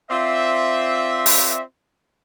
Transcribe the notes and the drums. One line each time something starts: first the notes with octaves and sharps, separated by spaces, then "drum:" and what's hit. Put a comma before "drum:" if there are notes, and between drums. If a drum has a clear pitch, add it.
C4 F4 C5 D5 E5
drum: open hi-hat